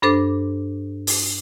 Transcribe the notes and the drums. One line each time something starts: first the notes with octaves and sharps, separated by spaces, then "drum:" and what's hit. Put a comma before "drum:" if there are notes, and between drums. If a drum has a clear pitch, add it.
G2 D4 A4 C5 D6
drum: open hi-hat